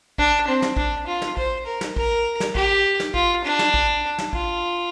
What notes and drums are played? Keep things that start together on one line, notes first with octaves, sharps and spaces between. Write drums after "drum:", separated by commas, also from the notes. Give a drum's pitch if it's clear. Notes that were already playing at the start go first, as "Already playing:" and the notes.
D4, drum: kick
C4
drum: snare
D4, drum: kick
F4
drum: snare
C5, drum: kick
A#4
drum: snare
A#4, drum: kick
drum: snare
G4, drum: kick
drum: snare
F4, drum: kick
D4
drum: snare
drum: kick
drum: snare
F4, drum: kick